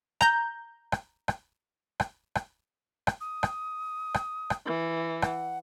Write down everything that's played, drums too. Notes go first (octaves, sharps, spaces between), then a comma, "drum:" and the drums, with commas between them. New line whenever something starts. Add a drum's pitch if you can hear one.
A#5 G6, drum: rim click
drum: rim click
drum: rim click
drum: rim click
drum: rim click
drum: rim click
D#6
drum: rim click
drum: rim click
drum: rim click
E3
F#5, drum: rim click